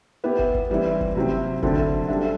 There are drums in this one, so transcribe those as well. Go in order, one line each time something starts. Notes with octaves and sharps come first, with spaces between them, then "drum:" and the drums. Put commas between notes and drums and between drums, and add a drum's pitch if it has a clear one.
B3 E4 G4
drum: kick
drum: kick
E3 G3 C4 E4
drum: kick
C3 F#3 C4 E4
D3 F#3 C4 E4 A4, drum: kick
drum: kick
G3 D4 A4 E5